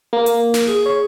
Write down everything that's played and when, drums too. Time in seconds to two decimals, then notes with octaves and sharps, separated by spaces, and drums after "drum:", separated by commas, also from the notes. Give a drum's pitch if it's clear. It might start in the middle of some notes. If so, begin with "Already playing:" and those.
0.13 A#3
0.26 drum: hi-hat
0.54 drum: snare
0.68 G#4
0.86 C#5